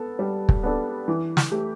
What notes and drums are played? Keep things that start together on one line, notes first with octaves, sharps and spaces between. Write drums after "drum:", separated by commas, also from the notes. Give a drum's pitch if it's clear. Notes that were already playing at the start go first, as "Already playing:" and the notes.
Already playing: B3 A4
G3
drum: kick
B3 D4 A4
E3
drum: snare
A3 G4